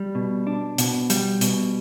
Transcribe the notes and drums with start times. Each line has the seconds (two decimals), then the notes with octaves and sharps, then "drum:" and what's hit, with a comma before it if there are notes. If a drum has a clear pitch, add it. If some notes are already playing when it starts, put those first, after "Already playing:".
Already playing: G3
0.15 B2
0.47 D4
0.78 B2, drum: hi-hat
1.10 G3, drum: hi-hat
1.41 B2, drum: hi-hat